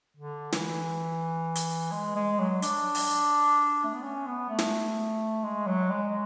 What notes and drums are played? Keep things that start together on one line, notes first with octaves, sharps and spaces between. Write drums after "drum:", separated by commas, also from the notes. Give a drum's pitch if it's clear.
D3
E3, drum: snare
drum: hi-hat
G#3
G#3
F#3
D4, drum: hi-hat
drum: open hi-hat
A3
B3
C#4
B3
A3
drum: snare
G#3
F#3
G#3